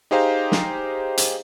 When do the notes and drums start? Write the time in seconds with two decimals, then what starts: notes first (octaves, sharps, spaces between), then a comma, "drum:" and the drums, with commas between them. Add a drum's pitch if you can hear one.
0.11 D#4 G4 G#4 C5 F5 A#5
0.52 drum: snare
1.18 drum: hi-hat